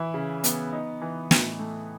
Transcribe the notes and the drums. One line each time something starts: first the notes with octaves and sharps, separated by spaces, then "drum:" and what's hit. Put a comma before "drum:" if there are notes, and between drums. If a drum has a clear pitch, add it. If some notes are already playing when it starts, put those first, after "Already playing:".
Already playing: E3 E4
C#3
B3, drum: hi-hat
D#4
E3
A2, drum: snare
A3